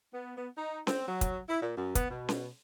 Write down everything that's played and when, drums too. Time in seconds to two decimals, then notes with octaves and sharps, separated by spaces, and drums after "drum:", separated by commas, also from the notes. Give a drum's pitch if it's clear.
0.14 B3
0.37 B3
0.57 D#4
0.87 C4, drum: snare C#4
1.08 F#3
1.21 drum: kick, hi-hat
1.49 E4
1.62 A#2
1.77 F#2
1.95 B3, drum: kick, hi-hat
2.11 B2
2.29 drum: snare C#4